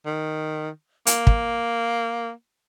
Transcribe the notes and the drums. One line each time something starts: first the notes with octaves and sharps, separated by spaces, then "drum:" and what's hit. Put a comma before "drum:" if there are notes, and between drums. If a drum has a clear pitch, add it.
D#3
A#3, drum: hi-hat
drum: kick